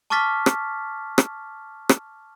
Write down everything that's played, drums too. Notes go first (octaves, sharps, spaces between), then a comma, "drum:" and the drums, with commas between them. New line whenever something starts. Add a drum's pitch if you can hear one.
A5 C#6 D6 F6 A6 B6
drum: rim click
drum: rim click
drum: rim click